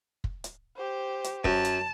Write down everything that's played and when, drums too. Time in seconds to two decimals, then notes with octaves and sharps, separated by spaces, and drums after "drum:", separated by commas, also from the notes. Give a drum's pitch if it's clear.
0.24 drum: kick
0.44 drum: hi-hat
0.77 G4 C5
1.24 drum: hi-hat
1.44 F#2 A5, drum: kick
1.65 drum: hi-hat